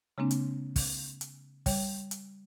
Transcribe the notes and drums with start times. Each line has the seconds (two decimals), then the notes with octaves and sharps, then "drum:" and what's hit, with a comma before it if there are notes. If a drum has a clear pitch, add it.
0.18 C#3 G#3 A#3 C4 D4
0.31 drum: hi-hat
0.76 drum: kick, open hi-hat
1.21 drum: hi-hat
1.66 G3 C#5, drum: kick, open hi-hat
2.11 drum: hi-hat